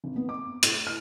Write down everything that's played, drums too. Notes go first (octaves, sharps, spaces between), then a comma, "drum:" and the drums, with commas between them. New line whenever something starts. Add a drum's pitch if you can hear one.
G#1
B3
D6
A2, drum: hi-hat
F6